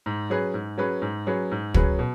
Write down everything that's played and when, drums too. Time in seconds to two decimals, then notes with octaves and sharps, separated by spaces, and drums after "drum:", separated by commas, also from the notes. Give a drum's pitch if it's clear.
0.06 G#2
0.30 F#3 C#4 G#4 B4
0.54 G#2
0.78 F#3 C#4 G#4 B4
1.02 G#2
1.27 F#3 C#4 G#4 B4
1.51 G#2
1.75 F#3 C#4 G#4 B4, drum: kick
1.99 B2